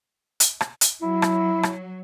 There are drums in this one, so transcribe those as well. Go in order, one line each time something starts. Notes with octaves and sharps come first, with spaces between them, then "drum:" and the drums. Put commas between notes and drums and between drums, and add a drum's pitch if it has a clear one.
drum: hi-hat
drum: rim click
drum: hi-hat
F#3 E4
drum: rim click
drum: rim click